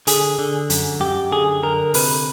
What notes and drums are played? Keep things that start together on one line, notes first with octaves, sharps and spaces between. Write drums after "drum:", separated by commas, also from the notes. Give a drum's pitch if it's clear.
D3 G#4, drum: hi-hat
D3
F#2, drum: hi-hat
F#2 G4
D3 G#4
D3 A#4
C3 B4, drum: open hi-hat